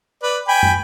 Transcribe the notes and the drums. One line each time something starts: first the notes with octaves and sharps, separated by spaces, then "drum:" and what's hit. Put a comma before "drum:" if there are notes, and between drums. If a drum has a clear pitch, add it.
B4 D5
G5 G#5 B5
drum: tom